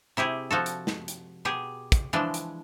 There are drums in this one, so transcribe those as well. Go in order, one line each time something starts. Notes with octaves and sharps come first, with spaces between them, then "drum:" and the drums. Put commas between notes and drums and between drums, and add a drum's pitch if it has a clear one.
C3 E4 G4 G#4
F3 F#4 A4
drum: hi-hat
drum: snare
drum: hi-hat
B2 G4 G#4
drum: kick, hi-hat
E3 F3 G#3 D4
drum: hi-hat